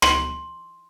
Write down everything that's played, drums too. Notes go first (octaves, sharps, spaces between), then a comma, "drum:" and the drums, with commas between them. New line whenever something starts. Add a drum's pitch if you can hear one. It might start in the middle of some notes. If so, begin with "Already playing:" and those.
C6, drum: rim click